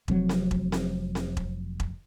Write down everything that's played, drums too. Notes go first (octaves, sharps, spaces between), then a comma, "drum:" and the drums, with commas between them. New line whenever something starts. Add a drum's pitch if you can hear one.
F1 F2 F#3, drum: kick E1
drum: snare C4
drum: kick E1
drum: snare C4
drum: snare C4
drum: kick E1
drum: kick E1